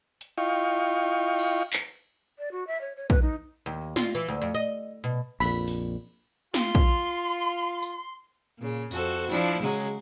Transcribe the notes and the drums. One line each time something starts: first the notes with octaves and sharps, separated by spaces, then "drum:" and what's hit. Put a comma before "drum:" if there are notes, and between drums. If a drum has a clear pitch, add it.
drum: hi-hat
E4 F4 D#5 F5 G5 C#6
drum: cymbal
drum: clap
D5
F#4
E5
C#5
C#5
B4, drum: kick
D#4
D#2
F4, drum: snare
E3
D2
F2
D#5
B2
A#1 F2 A#2 B5, drum: cymbal
drum: open hi-hat
F4 C6, drum: snare
drum: kick
drum: tambourine
A#2 C#3
F2 F#4 A4 C5, drum: tambourine
F3 D4 E4, drum: cymbal
C#3 F#3 G#3